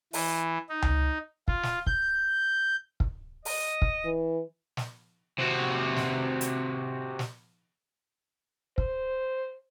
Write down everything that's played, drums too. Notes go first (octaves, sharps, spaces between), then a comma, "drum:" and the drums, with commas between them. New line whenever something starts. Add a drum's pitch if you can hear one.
E3, drum: open hi-hat
D#4
drum: tom C#2
F4, drum: kick
drum: snare
G6, drum: kick
drum: kick
D#5, drum: open hi-hat
drum: kick
E3
drum: snare
C3 F#4
drum: snare
drum: hi-hat
drum: snare
C5, drum: kick